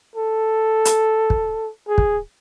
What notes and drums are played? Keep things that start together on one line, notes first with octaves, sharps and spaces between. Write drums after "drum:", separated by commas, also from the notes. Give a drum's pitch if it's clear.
A4
drum: hi-hat
drum: kick
G#4
drum: kick